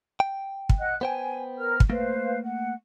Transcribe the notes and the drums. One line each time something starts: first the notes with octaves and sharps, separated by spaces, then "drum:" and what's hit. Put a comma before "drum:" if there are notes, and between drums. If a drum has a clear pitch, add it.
G5
drum: kick
D#5 F#5 F#6
B3 C5 G5 G#5
A#4 F6
drum: kick
A3 A#3 B4 C5 F5
F#5